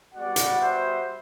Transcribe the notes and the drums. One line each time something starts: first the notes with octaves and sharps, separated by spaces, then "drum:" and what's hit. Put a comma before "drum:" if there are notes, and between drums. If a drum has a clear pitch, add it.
G3 B3 F#4 D5 F#5
drum: hi-hat
C5 E5